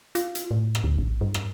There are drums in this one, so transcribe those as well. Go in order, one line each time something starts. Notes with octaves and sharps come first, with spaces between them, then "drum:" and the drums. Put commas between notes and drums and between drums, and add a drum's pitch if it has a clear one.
F4, drum: hi-hat
drum: hi-hat
A2
drum: rim click
D2
A1
G2
drum: rim click